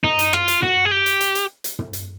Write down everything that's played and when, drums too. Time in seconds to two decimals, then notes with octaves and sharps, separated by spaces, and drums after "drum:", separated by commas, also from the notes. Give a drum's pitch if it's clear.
0.04 D#4, drum: tom
0.19 drum: hi-hat
0.33 F4, drum: rim click
0.48 drum: hi-hat
0.63 F#4, drum: tom
0.85 G#4
0.91 G4
1.06 drum: hi-hat
1.21 drum: hi-hat
1.35 drum: hi-hat
1.64 drum: hi-hat
1.79 drum: tom
1.93 drum: hi-hat